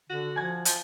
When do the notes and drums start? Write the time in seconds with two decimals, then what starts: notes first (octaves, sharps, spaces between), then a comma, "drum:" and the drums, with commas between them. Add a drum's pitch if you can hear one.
0.09 D3 F#4
0.36 F3 G#5 G#6
0.65 F3, drum: hi-hat